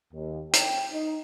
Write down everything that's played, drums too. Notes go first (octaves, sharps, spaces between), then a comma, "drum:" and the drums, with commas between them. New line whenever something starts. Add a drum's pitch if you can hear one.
D#2
G5, drum: hi-hat
D#4